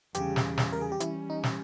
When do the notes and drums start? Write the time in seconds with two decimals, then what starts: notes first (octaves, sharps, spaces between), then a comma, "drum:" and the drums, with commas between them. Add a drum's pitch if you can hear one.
0.14 E2 C#3 G3 G4, drum: hi-hat
0.36 drum: snare
0.58 drum: snare
0.72 A#4
0.81 G#4
0.92 G4
1.00 E3 G3 C#4 E4, drum: hi-hat
1.30 D#4
1.43 drum: snare